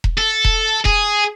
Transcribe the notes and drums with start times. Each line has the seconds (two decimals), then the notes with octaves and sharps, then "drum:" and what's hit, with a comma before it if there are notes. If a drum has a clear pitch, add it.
0.04 drum: kick E1
0.18 A4
0.45 drum: kick E1
0.85 G#4, drum: kick E1